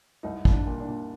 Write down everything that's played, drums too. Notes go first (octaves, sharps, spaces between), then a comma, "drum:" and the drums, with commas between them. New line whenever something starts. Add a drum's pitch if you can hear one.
C2 D#4
C2, drum: kick
D4
A#2
D4
A#2